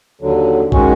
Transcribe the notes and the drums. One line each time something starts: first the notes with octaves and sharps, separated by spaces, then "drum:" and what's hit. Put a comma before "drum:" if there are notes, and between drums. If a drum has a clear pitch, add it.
D#2 D3 F#3
D#3 G#3 C#4 F#4, drum: kick